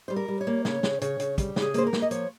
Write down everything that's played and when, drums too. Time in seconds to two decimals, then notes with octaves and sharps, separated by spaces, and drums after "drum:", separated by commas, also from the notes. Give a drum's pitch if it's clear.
0.08 G3 C5
0.16 A#4
0.28 G3
0.41 C#5
0.47 A#3
0.65 C#3 C#5, drum: snare
0.83 C#3, drum: snare
1.01 C#3 C#5, drum: hi-hat
1.20 C#3, drum: hi-hat
1.38 G3, drum: kick, hi-hat
1.56 C#3, drum: snare
1.62 G#4
1.74 A#3 C5, drum: hi-hat
1.87 A#4
1.93 A#3, drum: snare
2.02 D#5
2.11 F3 C#5, drum: hi-hat